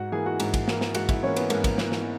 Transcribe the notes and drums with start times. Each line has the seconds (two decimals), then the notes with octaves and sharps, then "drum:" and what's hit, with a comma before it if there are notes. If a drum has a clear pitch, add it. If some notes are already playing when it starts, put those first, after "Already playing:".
Already playing: G#2 F#4 F#5
0.12 E3 A#3 G#4 G#5
0.26 F#4 F#5
0.40 G#2, drum: cymbal
0.54 drum: kick, cymbal
0.68 E3 A#3, drum: snare
0.81 drum: snare
0.95 G#2 F#4 F#5, drum: cymbal
1.09 E4 E5, drum: kick, cymbal
1.23 E3 A#3 C#4 C#5
1.36 B3 B4, drum: cymbal
1.50 G#2 A#3 A#4, drum: cymbal
1.64 drum: kick, cymbal
1.78 E3 A#3, drum: snare
1.92 drum: snare